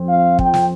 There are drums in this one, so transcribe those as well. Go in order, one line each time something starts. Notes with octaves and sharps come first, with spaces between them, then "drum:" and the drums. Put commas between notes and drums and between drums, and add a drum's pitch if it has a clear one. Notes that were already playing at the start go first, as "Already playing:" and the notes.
Already playing: F2 F3 C4
F5
G5, drum: kick
drum: snare